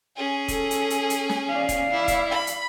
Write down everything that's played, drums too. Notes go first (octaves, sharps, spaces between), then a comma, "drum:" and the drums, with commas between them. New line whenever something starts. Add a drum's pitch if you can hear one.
C#4 G#4
A4, drum: kick, hi-hat
drum: hi-hat
drum: hi-hat
drum: hi-hat
drum: snare
D5 F5
drum: kick, hi-hat
E4
drum: kick, hi-hat
B5
drum: hi-hat